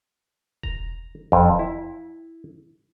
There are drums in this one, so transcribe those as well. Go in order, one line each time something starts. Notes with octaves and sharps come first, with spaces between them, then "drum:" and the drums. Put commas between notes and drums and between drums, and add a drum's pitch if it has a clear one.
A#5, drum: kick E1
F2, drum: kick E1
E4